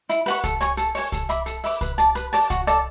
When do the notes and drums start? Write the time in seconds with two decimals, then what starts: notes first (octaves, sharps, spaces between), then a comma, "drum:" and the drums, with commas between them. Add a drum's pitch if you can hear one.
0.09 E4, drum: hi-hat
0.26 B4 F#5 C#6, drum: open hi-hat
0.44 A4, drum: kick C2, hi-hat
0.61 C#5 G#5 C#6, drum: hi-hat
0.77 A4, drum: hi-hat
0.95 C#5 G#5 C#6, drum: open hi-hat
1.12 A4, drum: kick C2, hi-hat
1.29 E5 B5 D6, drum: hi-hat
1.46 A4, drum: hi-hat
1.64 E5 B5 D6, drum: open hi-hat
1.81 B4, drum: kick C2, hi-hat
1.98 D5 A5, drum: hi-hat
2.15 B4, drum: hi-hat
2.33 D5 A5, drum: open hi-hat
2.50 F#4, drum: kick C2, hi-hat
2.67 A4 D5 A5, drum: hi-hat